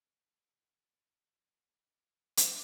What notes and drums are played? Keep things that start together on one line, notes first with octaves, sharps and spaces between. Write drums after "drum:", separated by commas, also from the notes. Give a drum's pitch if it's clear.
G3 G#3 D4 F5
drum: hi-hat